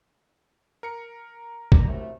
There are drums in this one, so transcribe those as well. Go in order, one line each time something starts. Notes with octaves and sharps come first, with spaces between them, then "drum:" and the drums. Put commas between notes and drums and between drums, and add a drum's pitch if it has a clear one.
A#4 C#7
D5 A#5, drum: kick
C2 F#2 A3